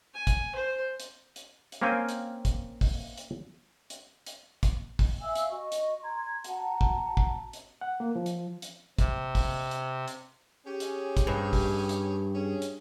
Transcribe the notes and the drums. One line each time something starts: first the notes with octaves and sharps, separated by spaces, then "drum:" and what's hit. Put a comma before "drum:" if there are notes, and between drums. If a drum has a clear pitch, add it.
G#5
drum: kick, hi-hat
C5
drum: hi-hat
drum: hi-hat
drum: hi-hat
A#3 C4 C#4 F5 G5 G#5
drum: hi-hat
drum: kick, hi-hat
drum: kick, open hi-hat
drum: hi-hat
drum: hi-hat
drum: hi-hat
drum: kick, hi-hat
drum: kick, open hi-hat
E5 F5 G#5 E6
drum: hi-hat
F#4 D#5 C#6
drum: hi-hat
A#5 C6 G#6
F#4 F#5 A5 A#5, drum: hi-hat
drum: kick
drum: kick
drum: hi-hat
F#5
A#3
F3
drum: hi-hat
drum: hi-hat
C3, drum: kick, hi-hat
drum: kick, open hi-hat
drum: hi-hat
drum: hi-hat
C#4 G4 G#4
drum: hi-hat
drum: kick, hi-hat
G2
drum: kick, open hi-hat
drum: hi-hat
C#4 G#4
drum: hi-hat